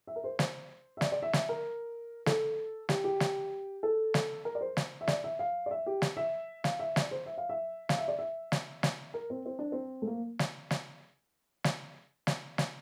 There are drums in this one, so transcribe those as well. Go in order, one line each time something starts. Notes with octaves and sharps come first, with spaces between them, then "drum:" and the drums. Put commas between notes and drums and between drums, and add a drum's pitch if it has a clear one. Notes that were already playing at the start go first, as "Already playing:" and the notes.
E5
A#4
C5
C5, drum: snare
E5
D5, drum: snare
D5
E5
E5, drum: snare
A#4
A4, drum: snare
G4, drum: snare
G4
drum: snare
A4
drum: snare
A#4
D5
C5
drum: snare
E5
D5, drum: snare
E5
F5
D5
E5
G4
drum: snare
E5
F5, drum: snare
E5
D5, drum: snare
C5
E5
F5
E5
F5, drum: snare
E5
D5
E5
drum: snare
drum: snare
A#4
C4
C4
D4
C4
A3
A#3
drum: snare
drum: snare
drum: snare
drum: snare
drum: snare